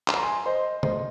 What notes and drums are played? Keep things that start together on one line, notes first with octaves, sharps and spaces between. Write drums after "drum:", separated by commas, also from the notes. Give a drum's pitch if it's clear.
C6, drum: clap
A#5
G#5 C6
C5 D#5
C5 D#5, drum: tom